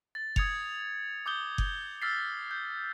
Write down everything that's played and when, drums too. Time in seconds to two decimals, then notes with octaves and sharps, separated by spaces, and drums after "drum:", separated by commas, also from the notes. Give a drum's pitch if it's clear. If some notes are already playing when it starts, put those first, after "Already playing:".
0.15 A6
0.36 D#6 G#6 C#7 F7, drum: kick F#1
1.26 D6 D#6 G6 G7
1.58 drum: kick F#1
2.02 E6 F6 A6 B6 C7
2.51 G6